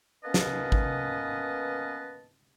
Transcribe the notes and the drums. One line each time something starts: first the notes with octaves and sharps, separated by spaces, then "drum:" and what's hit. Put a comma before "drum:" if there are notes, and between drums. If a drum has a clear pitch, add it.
A#3 B3 C#4 B4 D#5 A5
drum: snare
drum: kick G#1